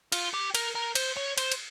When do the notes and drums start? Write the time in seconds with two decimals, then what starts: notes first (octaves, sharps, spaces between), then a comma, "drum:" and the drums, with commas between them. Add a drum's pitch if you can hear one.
0.12 F4, drum: cymbal
0.34 G4
0.55 A#4, drum: cymbal
0.75 A#4
0.95 C5, drum: cymbal
1.17 C#5
1.38 C5, drum: cymbal
1.52 drum: cymbal